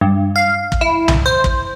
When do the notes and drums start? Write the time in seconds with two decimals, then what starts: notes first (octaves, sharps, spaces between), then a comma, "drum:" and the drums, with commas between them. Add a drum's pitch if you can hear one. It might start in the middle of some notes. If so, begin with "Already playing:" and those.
0.01 G2
0.36 F5
0.72 drum: kick
0.81 E4
1.08 drum: tom C2
1.26 C5
1.44 drum: kick